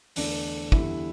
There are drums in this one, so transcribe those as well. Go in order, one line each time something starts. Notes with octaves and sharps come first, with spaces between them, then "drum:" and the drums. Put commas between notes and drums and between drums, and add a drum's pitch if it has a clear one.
E2 D3 A3 D4, drum: open hi-hat
E2 D3 G3 E4, drum: kick